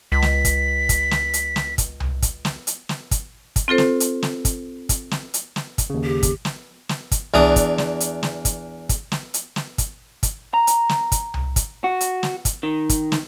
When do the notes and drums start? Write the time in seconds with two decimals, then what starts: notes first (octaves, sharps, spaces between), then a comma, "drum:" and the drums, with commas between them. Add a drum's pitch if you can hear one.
0.12 C#2 B6
0.22 drum: snare
0.45 drum: kick, hi-hat
0.89 drum: kick, hi-hat
1.11 drum: snare
1.34 drum: hi-hat
1.56 drum: snare
1.78 drum: kick, hi-hat
2.00 drum: tom C2
2.22 drum: kick, hi-hat
2.45 drum: snare
2.67 drum: hi-hat
2.89 drum: snare
3.11 drum: kick, hi-hat
3.56 drum: kick, hi-hat
3.68 C4 F4 A4 C5
3.78 drum: snare
4.00 drum: hi-hat
4.23 drum: snare
4.45 drum: kick, hi-hat
4.89 drum: kick, hi-hat
5.11 drum: snare
5.34 drum: hi-hat
5.56 drum: snare
5.78 drum: kick, hi-hat
5.90 D#2 C#3
6.04 G4
6.23 drum: kick, hi-hat
6.45 drum: snare
6.89 drum: snare
7.12 drum: kick, hi-hat
7.34 E2 E3 D4 D#6, drum: tom C2
7.56 drum: kick, hi-hat
7.78 drum: snare
8.00 drum: hi-hat
8.23 drum: snare
8.45 drum: kick, hi-hat
8.89 drum: kick, hi-hat
9.12 drum: snare
9.34 drum: hi-hat
9.56 drum: snare
9.78 drum: kick, hi-hat
10.23 drum: kick, hi-hat
10.54 A#5
10.67 drum: hi-hat
10.89 drum: snare
11.12 drum: kick, hi-hat
11.34 drum: tom C2
11.56 drum: kick, hi-hat
11.84 F#4
12.01 drum: hi-hat
12.23 drum: snare
12.45 drum: kick, hi-hat
12.63 D#3
12.89 drum: kick, hi-hat
13.12 drum: snare